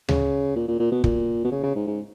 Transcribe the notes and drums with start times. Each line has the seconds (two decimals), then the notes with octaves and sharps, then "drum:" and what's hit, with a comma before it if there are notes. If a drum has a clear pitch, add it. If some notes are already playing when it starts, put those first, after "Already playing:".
0.09 C#3, drum: tom D2
0.56 A#2
0.68 A#2
0.79 A#2
0.91 B2
1.04 A#2, drum: kick
1.44 B2
1.52 C#3
1.63 C#3
1.75 G#2
1.87 G#2